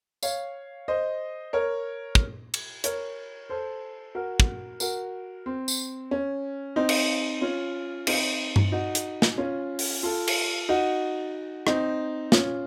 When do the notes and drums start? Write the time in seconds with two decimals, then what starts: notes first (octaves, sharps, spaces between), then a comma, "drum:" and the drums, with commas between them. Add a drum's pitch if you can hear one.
0.23 C#5 F5, drum: tambourine
0.88 C5 D#5
1.53 A#4 C#5
2.15 drum: kick
2.54 drum: cymbal
2.84 A#4 C#5, drum: hi-hat
3.50 A4 C5
4.15 F#4 A#4
4.40 drum: kick
4.80 F#4 A#4, drum: tambourine
5.46 C4
5.68 drum: tambourine
6.11 C#4
6.76 C4 D#4
6.89 drum: cymbal
7.41 C#4 F4
8.07 C4 D#4, drum: cymbal
8.56 drum: tom G2
8.72 D#4 F#4
8.95 drum: hi-hat
9.22 drum: snare
9.38 C#4 F4
9.79 drum: open hi-hat
10.03 F4 A4
10.28 drum: cymbal
10.69 D#4 F#4
11.67 C4 D#4, drum: rim click
12.32 C#4 F4, drum: snare